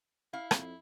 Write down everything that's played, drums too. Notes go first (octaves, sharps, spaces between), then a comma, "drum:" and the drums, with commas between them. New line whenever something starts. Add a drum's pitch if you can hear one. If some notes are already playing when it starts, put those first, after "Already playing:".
E4 F5
F2, drum: rim click